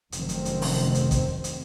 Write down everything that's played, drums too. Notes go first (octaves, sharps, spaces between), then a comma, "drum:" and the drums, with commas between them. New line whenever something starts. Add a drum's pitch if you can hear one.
F1 F#2 C3 D#3 C4, drum: hi-hat
drum: hi-hat
drum: hi-hat
drum: open hi-hat
drum: hi-hat
drum: kick A1, hi-hat
drum: hi-hat